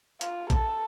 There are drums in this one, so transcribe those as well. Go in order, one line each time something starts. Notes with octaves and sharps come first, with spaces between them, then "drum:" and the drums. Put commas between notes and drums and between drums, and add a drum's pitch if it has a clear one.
F4, drum: hi-hat
A4, drum: kick A#1, hi-hat